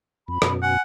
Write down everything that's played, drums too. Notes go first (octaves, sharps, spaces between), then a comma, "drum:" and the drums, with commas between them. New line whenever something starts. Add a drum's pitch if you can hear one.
F2 B5
F#2 B2, drum: rim click
F#5 G#5